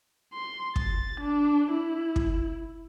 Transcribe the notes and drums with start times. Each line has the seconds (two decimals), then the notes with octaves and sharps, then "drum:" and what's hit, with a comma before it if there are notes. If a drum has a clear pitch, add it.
0.33 C6
0.76 A6, drum: kick
1.20 D4
1.71 E4
2.16 drum: kick